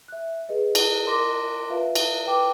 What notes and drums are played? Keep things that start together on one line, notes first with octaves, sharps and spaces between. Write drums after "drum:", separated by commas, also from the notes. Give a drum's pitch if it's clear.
E5 F#6
G#4 B4 D#5
drum: cymbal
A#4 D#5 C6 D6 A#6
F4 B4 E5 F5 A5
drum: cymbal
B4 G5 D6